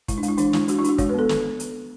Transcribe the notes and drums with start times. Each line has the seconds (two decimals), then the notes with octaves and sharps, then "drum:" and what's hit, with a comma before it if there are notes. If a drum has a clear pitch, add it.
0.08 G#3 E4, drum: kick, hi-hat
0.18 D4
0.23 G#3, drum: hi-hat
0.28 E4
0.38 E3 D4, drum: hi-hat
0.53 G#3 E4, drum: snare
0.68 D4 F#4, drum: hi-hat
0.79 E4
0.84 D4 F#4, drum: hi-hat
0.98 G#3 C#5, drum: kick, hi-hat
1.09 B4
1.14 B3 A4
1.29 drum: snare
1.60 drum: hi-hat